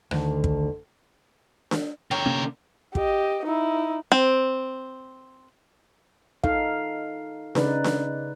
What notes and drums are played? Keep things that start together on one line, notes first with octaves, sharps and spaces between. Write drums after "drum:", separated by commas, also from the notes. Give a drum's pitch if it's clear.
D2 D3 D#3 D#4, drum: rim click
drum: kick
drum: snare D4
D3 A#4 C#5 G5
C3 A#3 C#4
G4 D#5, drum: kick
D#4 E4
C4
D#4 A4 F5, drum: kick
C#3 D#4 B4 D5, drum: snare D4
drum: snare D4